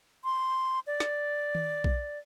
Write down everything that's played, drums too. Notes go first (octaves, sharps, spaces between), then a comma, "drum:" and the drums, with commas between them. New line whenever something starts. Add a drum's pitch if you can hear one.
C6
D5
drum: snare
drum: tom D#3
drum: kick B1